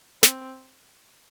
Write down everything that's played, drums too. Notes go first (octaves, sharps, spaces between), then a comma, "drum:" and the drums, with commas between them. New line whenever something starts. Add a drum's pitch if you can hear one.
C4, drum: snare